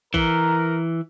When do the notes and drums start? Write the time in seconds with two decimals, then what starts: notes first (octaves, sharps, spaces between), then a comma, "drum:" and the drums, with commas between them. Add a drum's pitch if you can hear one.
0.14 E3 A#4, drum: kick A1